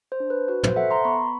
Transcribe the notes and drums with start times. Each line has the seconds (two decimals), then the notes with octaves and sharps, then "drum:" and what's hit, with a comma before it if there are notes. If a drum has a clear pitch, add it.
0.12 C5
0.20 D4
0.30 B4
0.48 F#4 B4
0.63 C5, drum: tom
0.76 A4 E5 F#5
0.91 A#5 C6
1.04 B3 B5 C#6